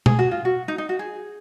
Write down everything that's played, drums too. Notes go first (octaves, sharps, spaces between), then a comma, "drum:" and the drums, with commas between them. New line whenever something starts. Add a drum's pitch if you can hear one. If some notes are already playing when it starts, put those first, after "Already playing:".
G#4, drum: tom B2
F#4
F4
F#4
D#4
D#4
F#4
G#4